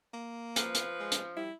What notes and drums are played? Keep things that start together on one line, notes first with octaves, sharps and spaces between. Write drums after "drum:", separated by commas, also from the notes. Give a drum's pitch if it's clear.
A#3
F3 B4, drum: hi-hat
drum: hi-hat
G#3
drum: hi-hat
G3 E4